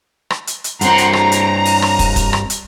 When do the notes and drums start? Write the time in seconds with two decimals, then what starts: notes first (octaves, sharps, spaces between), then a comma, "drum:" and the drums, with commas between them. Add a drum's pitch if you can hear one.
0.30 drum: rim click
0.47 drum: hi-hat
0.64 drum: hi-hat
0.81 G2 C4 F#5 A#5 C6, drum: hi-hat
0.98 drum: hi-hat
1.13 A#5, drum: rim click
1.32 drum: hi-hat
1.65 drum: open hi-hat
1.82 drum: rim click
1.99 drum: kick, open hi-hat
2.16 drum: kick, hi-hat
2.33 drum: rim click
2.50 drum: hi-hat